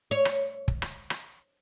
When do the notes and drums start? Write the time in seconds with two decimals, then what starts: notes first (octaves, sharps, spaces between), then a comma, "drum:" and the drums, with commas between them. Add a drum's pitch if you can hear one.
0.11 C#5
0.25 drum: rim click
0.68 drum: kick
0.82 drum: rim click
1.10 drum: rim click